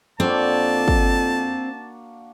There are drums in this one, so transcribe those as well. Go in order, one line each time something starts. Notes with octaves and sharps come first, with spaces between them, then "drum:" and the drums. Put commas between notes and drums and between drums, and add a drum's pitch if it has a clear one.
F2 A#3 C4 D4 F#4 A5
drum: kick